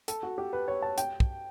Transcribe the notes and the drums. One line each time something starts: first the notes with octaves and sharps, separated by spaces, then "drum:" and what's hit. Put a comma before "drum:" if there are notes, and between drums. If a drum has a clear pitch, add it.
A4, drum: hi-hat
F#4
G4
B4
C#5
A5
G5, drum: hi-hat
drum: kick